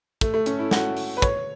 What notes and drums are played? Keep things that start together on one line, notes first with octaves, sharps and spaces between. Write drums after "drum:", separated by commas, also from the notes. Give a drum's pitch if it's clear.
A3, drum: kick, hi-hat
A3
C#4, drum: hi-hat
E4
F#4, drum: snare
drum: open hi-hat
B4
C#5, drum: kick, hi-hat